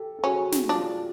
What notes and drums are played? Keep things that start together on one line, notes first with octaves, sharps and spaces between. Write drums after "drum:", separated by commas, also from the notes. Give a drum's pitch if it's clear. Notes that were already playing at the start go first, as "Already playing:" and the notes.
Already playing: G4 A4
A4
C#4 F#4 G#4
drum: snare
D4 F4 G4